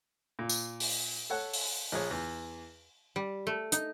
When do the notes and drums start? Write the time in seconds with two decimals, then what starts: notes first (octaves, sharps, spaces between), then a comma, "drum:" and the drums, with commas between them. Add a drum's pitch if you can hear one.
0.39 A#2
0.49 drum: tambourine
0.80 drum: open hi-hat
1.30 A4 C#5 F#5
1.53 drum: open hi-hat
1.92 A#1 G#4 C#5
2.11 E2
3.16 G3
3.47 A3
3.72 D#4, drum: hi-hat